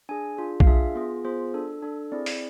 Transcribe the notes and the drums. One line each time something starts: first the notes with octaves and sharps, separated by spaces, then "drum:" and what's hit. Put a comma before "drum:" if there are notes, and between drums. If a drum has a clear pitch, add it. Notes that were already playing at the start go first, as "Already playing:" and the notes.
D4 G#4 G#5
D4 F4 G#4
F5, drum: kick
D4 F4 G#4 E5
B3 F4 G#4
B3 F4 G#4 C5
D4 A4
D4 A4
C4 E4 G#4 D5
drum: open hi-hat